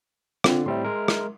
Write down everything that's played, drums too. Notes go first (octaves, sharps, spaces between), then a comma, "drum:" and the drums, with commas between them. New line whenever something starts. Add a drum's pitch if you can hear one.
D3 C4 F4 G5, drum: rim click
A2 G3 C4 E5 C6
G#3 A#4
drum: rim click